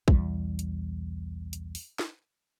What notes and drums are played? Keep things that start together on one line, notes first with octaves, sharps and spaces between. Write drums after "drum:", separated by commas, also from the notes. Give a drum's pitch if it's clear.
B1 E2 G3, drum: kick
drum: hi-hat
drum: hi-hat
drum: open hi-hat
drum: snare